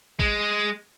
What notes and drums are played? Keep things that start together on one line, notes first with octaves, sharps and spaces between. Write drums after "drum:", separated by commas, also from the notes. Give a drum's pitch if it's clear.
G#3, drum: kick A1